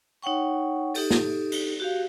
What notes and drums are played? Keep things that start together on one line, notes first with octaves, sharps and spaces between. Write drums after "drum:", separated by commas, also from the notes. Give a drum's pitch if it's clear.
D#4 C#5 F#5 G5 C#6
D#4 G4 A4, drum: open hi-hat
drum: snare
drum: cymbal
F#4 G4 F5